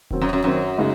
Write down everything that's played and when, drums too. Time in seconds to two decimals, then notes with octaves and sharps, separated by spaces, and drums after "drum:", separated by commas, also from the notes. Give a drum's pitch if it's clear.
0.10 D#3 F#3 C4, drum: kick D#1
0.21 F#2
0.33 F#2
0.44 F#2 D#3 F#3 C4
0.78 C#3 G#3 D#4 F#4